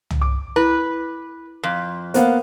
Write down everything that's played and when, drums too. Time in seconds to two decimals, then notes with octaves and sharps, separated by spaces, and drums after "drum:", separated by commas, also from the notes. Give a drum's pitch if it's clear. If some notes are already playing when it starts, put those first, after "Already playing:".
0.10 drum: tom
0.22 D6
0.56 E4 B4
1.64 F2
2.14 A#3 B3 C5 F5, drum: hi-hat